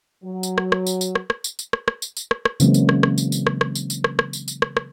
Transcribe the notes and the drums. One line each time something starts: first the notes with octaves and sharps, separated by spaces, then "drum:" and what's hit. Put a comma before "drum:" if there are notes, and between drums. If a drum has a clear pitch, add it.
F#3
drum: tambourine
drum: rim click
drum: rim click
drum: tambourine
drum: tambourine
drum: rim click
drum: rim click
drum: tambourine
drum: tambourine
drum: rim click
drum: rim click
drum: tambourine
drum: tambourine
drum: rim click
drum: rim click
C#3 E3 F#3 G#3 A#3 C4, drum: tambourine
drum: tambourine
drum: rim click
drum: rim click
drum: tambourine
drum: tambourine
drum: rim click
drum: rim click
drum: tambourine
drum: tambourine
drum: rim click
drum: rim click
drum: tambourine
drum: tambourine
drum: rim click
drum: rim click